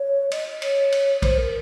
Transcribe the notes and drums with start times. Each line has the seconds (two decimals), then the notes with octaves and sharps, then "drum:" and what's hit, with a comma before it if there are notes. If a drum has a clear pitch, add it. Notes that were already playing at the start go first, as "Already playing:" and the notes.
Already playing: C#5
0.31 D#5, drum: cymbal
0.62 C#5, drum: cymbal
0.92 drum: cymbal
1.22 C5, drum: kick, cymbal
1.38 A#4